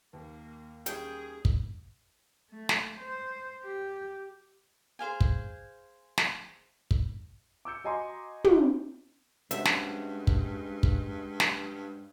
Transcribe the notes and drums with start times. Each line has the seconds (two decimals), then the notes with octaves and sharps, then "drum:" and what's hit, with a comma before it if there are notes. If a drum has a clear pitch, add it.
0.13 D#2 A#3
0.86 G3 C#4 G#4 G5, drum: hi-hat
1.45 drum: kick
2.51 A3
2.69 drum: snare
2.99 C5
3.64 G4
4.99 G#4 C5 F5 G#5
5.21 drum: kick
6.18 drum: snare
6.91 drum: kick
7.65 D6 E6 G6 C#7
7.84 F#4 D#5 G#5 A#5 C6 D6
8.44 drum: tom
9.51 G2 G#3 C#4 F#4 C5 E5, drum: hi-hat
9.65 drum: snare
10.27 drum: kick
10.83 drum: kick
11.40 drum: snare